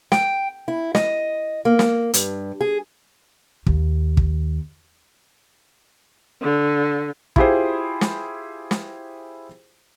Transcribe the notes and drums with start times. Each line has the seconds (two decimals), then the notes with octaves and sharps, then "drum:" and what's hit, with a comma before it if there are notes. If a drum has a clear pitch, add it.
0.12 G5, drum: snare
0.68 E4
0.95 D#5, drum: snare
1.65 A#3
1.79 drum: snare
2.14 G2, drum: hi-hat
2.61 G#4
3.67 D#2, drum: kick
4.17 drum: kick
6.42 D3
7.36 E4 F4 G4 G#4 C5, drum: kick
8.01 drum: snare
8.71 drum: snare